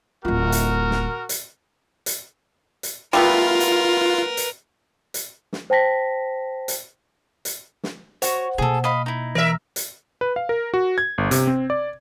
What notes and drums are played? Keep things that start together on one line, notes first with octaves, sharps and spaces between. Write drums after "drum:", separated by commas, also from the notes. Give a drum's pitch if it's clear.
D1 F4 F#4 A#4
drum: hi-hat
drum: snare
drum: hi-hat
drum: hi-hat
drum: hi-hat
G3 A3 B3 F4 A#4 B4
drum: hi-hat
drum: hi-hat
drum: hi-hat
drum: snare
C5 G5 A5 A#6 B6
drum: hi-hat
drum: hi-hat
drum: snare
F#4 C5 C#5 F#5, drum: hi-hat
B2 A#3 G#4 A4
D#5 F5 B5
D#4 E4
E3 A#4 E5 A#6
drum: hi-hat
B4
F5
A#4
F#4
G#6
G1
C3, drum: hi-hat
C4
D5